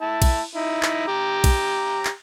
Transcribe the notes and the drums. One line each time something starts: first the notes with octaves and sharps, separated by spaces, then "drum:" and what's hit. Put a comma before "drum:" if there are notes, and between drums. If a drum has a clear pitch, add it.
E4 A5
drum: kick, cymbal
D#4 E4
drum: clap
G4 A#5
drum: kick, cymbal
drum: clap